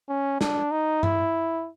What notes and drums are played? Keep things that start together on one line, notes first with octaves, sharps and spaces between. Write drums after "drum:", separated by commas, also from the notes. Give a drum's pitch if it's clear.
C#4
D4, drum: snare
D#4
E4, drum: tom G2